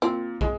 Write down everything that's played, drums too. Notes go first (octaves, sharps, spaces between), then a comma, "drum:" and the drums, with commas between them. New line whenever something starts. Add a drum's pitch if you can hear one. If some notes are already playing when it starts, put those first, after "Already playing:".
A#2 C4
G#3, drum: kick